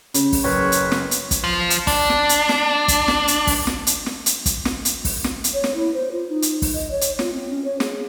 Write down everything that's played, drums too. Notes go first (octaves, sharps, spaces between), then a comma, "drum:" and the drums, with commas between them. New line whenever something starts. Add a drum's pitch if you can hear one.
C#3, drum: hi-hat
drum: kick, open hi-hat
F#1 B4 C#5
drum: hi-hat
drum: snare
drum: hi-hat
drum: kick, hi-hat
F3
drum: hi-hat
D4, drum: kick, open hi-hat
drum: snare
drum: hi-hat
drum: snare
drum: kick, hi-hat
drum: snare
drum: hi-hat
drum: kick, open hi-hat
drum: snare
drum: hi-hat
drum: snare
drum: hi-hat
drum: kick, hi-hat
drum: snare
drum: hi-hat
drum: kick, open hi-hat
drum: snare
drum: hi-hat
C#5
drum: snare
E4
C5
F4
D#4
drum: hi-hat
drum: kick, open hi-hat
D#5
C#5
drum: hi-hat
F4, drum: snare
C4
C#4
C#5
G#4, drum: snare